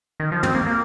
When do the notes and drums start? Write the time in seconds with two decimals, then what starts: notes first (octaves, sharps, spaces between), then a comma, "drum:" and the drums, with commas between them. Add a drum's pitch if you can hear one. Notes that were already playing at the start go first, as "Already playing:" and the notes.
0.20 D#3
0.32 F3
0.43 C4, drum: tom
0.55 A#3
0.67 A#3